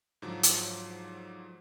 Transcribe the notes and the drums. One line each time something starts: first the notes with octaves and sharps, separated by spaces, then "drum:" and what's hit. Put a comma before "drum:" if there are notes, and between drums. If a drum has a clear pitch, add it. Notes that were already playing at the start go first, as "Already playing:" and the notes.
G#2 D3 F3 F#3
drum: hi-hat